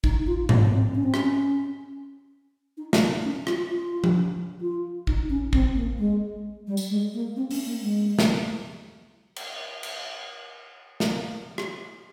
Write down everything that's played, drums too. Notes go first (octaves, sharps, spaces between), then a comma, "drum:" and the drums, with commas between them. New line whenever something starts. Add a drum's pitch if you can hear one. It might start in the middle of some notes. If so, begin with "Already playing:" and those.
D#4, drum: kick
F4
A#3, drum: tom G#2
C4
C#4
C4
C#4, drum: rim click
D#4
F4, drum: snare
D#4
C#4
F4, drum: rim click
F4
drum: tom F3
F4
D#4, drum: kick
C#4
C4, drum: kick
A#3
G#3
G3
drum: tambourine
G#3
A#3
C4
C#4, drum: open hi-hat
A#3
G#3
drum: snare
drum: cymbal
drum: cymbal
drum: snare
drum: rim click